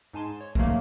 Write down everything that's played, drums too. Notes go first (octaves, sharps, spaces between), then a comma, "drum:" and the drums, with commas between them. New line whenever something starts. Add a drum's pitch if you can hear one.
G#2 D#4 G#5 A5 C6
C#5
G#2 B2 D#3 F#3 A3 A#3, drum: kick